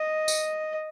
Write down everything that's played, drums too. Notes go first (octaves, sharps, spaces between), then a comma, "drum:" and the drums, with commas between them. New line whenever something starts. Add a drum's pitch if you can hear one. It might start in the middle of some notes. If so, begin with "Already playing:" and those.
Already playing: D#5
drum: tambourine